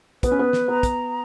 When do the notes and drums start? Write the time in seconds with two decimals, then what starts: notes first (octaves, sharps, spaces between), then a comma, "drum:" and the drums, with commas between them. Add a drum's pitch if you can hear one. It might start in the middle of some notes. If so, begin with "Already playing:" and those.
0.23 B3 B4, drum: kick, hi-hat
0.32 C#4
0.39 B3
0.53 drum: snare
0.68 B3 A#5
0.83 drum: kick, hi-hat